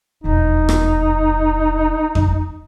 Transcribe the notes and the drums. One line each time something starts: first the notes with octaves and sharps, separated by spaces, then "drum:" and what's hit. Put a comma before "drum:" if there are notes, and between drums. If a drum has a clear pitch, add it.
E1 F2 D#4
drum: rim click
drum: kick F2